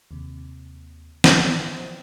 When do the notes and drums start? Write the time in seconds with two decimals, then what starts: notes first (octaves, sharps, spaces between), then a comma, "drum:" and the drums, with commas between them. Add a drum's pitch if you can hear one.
0.11 D#2 C3
1.24 C5 D5 G5, drum: snare